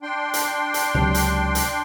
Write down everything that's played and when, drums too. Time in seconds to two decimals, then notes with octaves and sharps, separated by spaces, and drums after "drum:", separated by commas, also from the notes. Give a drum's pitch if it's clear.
0.03 D4 G5 C6
0.34 drum: hi-hat
0.74 drum: hi-hat
0.94 C#2 C3 F#3
1.14 drum: hi-hat
1.55 drum: hi-hat